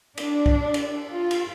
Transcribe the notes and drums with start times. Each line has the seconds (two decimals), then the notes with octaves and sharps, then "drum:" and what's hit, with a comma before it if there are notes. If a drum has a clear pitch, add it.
0.18 D4, drum: cymbal
0.46 drum: kick C2
0.74 drum: cymbal
1.10 F4
1.31 drum: cymbal